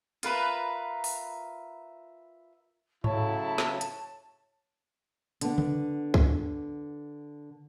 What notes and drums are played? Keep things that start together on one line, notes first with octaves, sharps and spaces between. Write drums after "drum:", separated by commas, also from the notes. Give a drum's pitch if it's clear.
F4 A#4 B4 E5, drum: hi-hat
drum: open hi-hat
A2 C#3 F#3 E4 C#5 A5, drum: tom G#2
drum: snare
drum: hi-hat
D3 B3, drum: hi-hat
drum: tom C#3
drum: kick